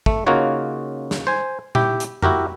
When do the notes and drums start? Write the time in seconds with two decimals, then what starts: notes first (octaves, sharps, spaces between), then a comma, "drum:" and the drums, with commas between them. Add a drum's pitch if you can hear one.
0.06 A3, drum: kick
0.26 C#3 A#3 D#4 F4 F#4 C#5
1.11 drum: snare
1.27 C5 G#5
1.75 E4 G4 G5, drum: tom A#2
2.00 drum: hi-hat
2.22 E4 F#4 G4 A#4, drum: tom F2